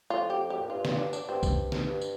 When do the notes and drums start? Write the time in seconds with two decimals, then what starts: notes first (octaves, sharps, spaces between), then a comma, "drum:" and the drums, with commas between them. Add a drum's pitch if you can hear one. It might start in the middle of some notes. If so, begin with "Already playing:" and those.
0.10 F2 F4
0.30 G4
0.50 G4
0.59 A#2
0.69 G2 F4
0.85 F4, drum: snare
0.98 D4
1.13 D4, drum: tambourine
1.28 G2 C4
1.43 drum: kick B1, tambourine
1.72 drum: snare
1.87 G2
2.01 drum: tambourine